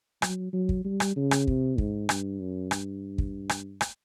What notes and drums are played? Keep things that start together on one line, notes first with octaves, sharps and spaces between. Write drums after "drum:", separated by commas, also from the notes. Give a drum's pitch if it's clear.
F#3, drum: rim click
F#3
drum: kick
G3
drum: rim click
C#3
drum: rim click
C3, drum: kick
G#2, drum: kick
G2, drum: rim click
F#2
G2, drum: rim click
drum: kick
drum: rim click
drum: rim click